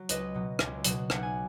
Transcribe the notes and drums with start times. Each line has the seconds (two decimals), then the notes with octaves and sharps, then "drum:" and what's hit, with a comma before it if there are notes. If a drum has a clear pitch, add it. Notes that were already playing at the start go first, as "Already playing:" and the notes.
Already playing: F#3 F#4
0.09 C#2 B4 D#5, drum: hi-hat
0.34 B2 F#3
0.59 C#2, drum: rim click
0.84 B2 F#3, drum: hi-hat
1.10 B1 F#5, drum: rim click
1.23 G#5